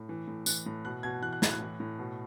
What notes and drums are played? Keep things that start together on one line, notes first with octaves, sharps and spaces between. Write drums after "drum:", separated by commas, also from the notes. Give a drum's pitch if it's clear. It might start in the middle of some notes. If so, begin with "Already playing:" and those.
Already playing: A2
E3
A2
E3 F#6, drum: tambourine
A2
B2 F#6
B2 G#6
E3 F#6
F#6
A2 G#6, drum: snare
F#6
E3
A2
B2